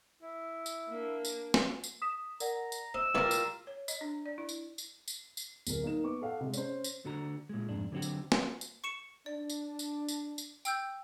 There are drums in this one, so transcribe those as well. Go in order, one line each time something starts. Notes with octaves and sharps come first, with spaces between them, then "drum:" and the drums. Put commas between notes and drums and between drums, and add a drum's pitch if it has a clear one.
E4
drum: tambourine
A#3 D4
drum: tambourine
drum: snare
drum: tambourine
D#6 B6 E7
A#4 D5 F#5 A#5, drum: tambourine
drum: tambourine
C5 D#5 E6
C2 G3 F4 A#4 B4 C#5 D6
drum: tambourine
C#5
D#5, drum: tambourine
D4
D5
E4
drum: tambourine
drum: tambourine
drum: tambourine
drum: tambourine
D1 A#4, drum: tambourine
A#3 D#4 E7
B3 C#6 D6
A4 F5 F#5
C3 G#3
C#4 C5, drum: tambourine
drum: tambourine
D3 F#4 A#5
A#2 G#3
F2 G#2 D4
D3 F#3 C4 D#4 F#4 G4
drum: tambourine
drum: snare
drum: tambourine
C#6 C#7 E7
D4 D5
drum: tambourine
drum: tambourine
drum: tambourine
drum: tambourine
G5 E6 G6, drum: tambourine